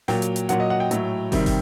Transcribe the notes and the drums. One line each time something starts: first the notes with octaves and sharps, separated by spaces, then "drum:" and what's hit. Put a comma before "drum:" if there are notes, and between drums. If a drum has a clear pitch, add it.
A#2 F#3 G5, drum: snare
drum: hi-hat
drum: hi-hat
A#2 F#3 F#5, drum: hi-hat
D#5
F#5
G5
A2 F#3, drum: hi-hat
C3 D#3 G3, drum: kick, open hi-hat
drum: kick, open hi-hat